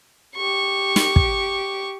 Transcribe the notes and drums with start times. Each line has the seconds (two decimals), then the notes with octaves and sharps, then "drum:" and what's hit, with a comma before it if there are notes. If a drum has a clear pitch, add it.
0.36 G4 C#6
0.96 drum: snare
1.16 drum: kick